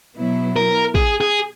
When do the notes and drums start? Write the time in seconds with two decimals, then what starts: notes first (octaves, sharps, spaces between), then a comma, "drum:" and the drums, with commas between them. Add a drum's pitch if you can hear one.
0.17 B2 F#3 B3 E4
0.56 A#4
0.95 G#4, drum: kick
1.21 G#4